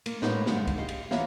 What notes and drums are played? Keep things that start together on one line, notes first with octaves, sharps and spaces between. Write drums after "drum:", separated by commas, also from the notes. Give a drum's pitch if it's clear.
A#3, drum: cymbal
A2 G#3 A#3 D#4 B4, drum: snare
G2 D3 G3 G#3, drum: snare
drum: kick, cymbal
G4 D#5 F5
drum: cymbal
E3 A#3 C#5, drum: snare